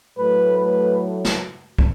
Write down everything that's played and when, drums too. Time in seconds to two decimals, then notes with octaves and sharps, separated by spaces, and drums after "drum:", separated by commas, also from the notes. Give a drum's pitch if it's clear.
0.17 A2 F#3 A3 B4
0.57 B4
1.25 drum: snare
1.79 drum: kick